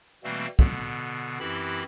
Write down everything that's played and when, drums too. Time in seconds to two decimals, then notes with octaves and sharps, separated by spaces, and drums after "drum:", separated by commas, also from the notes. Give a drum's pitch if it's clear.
0.24 B2 E3 G3 A3 A#3 C4
0.59 B2 D3 B3, drum: kick
1.40 F#2 E3 C4 E4 G4 B5